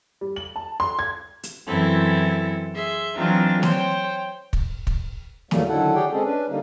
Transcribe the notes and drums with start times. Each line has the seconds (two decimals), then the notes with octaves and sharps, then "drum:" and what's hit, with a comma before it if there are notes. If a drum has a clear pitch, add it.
0.21 G3
0.36 F#7
0.56 A5
0.80 C6
0.99 G#6
1.43 drum: hi-hat
1.67 F#2 E3 C4 E4 A4
2.75 G#4 E5 C6
3.16 E3 F#3 C4 D4 D#4 F4
3.63 C5 C#5 G5, drum: snare
4.53 drum: kick
4.87 drum: kick
5.51 E2 A2 F#3 G3 A3 A#3, drum: snare
5.69 D3 D#3 F#3 E4 A4 F#5
5.95 G4 G#4 C#5 D5 F#5 G5
6.12 G#3 C4 C#4 G#4 A4
6.25 C#4 D4 B4
6.49 D3 G3 A#3 D#4